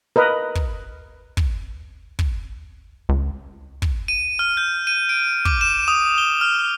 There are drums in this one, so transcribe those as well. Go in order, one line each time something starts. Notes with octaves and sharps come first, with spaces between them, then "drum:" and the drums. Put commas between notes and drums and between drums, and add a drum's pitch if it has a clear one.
A#4 B4 D#5
drum: kick
drum: kick
drum: kick
C#2
drum: kick
D#7
F6
G6
D#7
D7
D6, drum: kick
E7
D#6
G7
F6